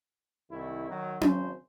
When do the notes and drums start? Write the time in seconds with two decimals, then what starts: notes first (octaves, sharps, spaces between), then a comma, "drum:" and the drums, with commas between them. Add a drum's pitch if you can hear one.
0.50 C2 D#3 E4
0.88 D#3 F#3
1.21 G#1 C#3 C5, drum: tom C#4